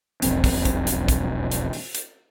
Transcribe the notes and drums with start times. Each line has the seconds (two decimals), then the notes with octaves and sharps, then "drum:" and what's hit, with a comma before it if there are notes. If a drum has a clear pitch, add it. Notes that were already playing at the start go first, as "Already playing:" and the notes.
0.22 E1 B1 F2 C4, drum: hi-hat
0.44 drum: kick, open hi-hat
0.65 drum: kick, hi-hat
0.87 drum: hi-hat
1.08 drum: kick, hi-hat
1.51 drum: hi-hat
1.73 drum: open hi-hat
1.95 drum: hi-hat